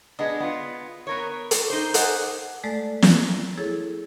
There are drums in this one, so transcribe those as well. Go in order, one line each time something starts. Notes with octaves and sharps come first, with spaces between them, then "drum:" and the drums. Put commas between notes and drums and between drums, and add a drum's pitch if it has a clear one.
G#3 B3 D4 D#5
B3 F4
B3 A#4 C#5
drum: hi-hat
D#4 C5
D#5 F#5 G#5, drum: hi-hat
G#3 A3 A4 D5
drum: snare
E4 G#4 A4 C#5